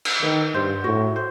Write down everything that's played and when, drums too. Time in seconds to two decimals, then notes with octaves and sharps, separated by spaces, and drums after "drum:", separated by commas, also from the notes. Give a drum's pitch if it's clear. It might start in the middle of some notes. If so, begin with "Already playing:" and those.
0.05 drum: cymbal
0.22 D#3 B4
0.54 G2 C5
0.84 A2 F#4
1.16 C5